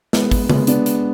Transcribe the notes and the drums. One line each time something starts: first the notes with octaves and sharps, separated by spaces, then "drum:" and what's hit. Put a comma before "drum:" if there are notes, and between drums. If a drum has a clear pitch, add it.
G#3 B3, drum: snare
drum: kick, open hi-hat
G#3 B3, drum: tom C#3
B3 D4, drum: hi-hat
drum: hi-hat